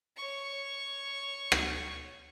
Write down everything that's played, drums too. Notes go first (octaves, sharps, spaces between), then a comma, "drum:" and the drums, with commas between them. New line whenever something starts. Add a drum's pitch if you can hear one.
C#5 C#6
drum: rim click